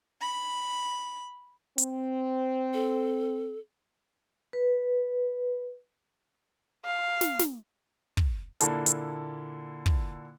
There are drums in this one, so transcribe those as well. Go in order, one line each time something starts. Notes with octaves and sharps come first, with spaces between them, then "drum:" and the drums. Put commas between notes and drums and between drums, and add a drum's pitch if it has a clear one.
B5
C4, drum: hi-hat
A4
B4
F5
drum: snare
drum: snare
drum: kick
A#2 D3 A#3 E4 A4, drum: hi-hat
drum: hi-hat
drum: kick